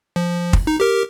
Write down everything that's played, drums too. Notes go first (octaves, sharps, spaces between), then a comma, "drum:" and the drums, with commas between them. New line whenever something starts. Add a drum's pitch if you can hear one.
F3
drum: kick
D#4
G4 A#4